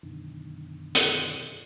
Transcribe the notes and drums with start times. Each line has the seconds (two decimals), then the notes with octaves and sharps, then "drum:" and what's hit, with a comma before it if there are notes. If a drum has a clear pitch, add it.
0.03 F#2 B2 D3 D#3
0.95 drum: hi-hat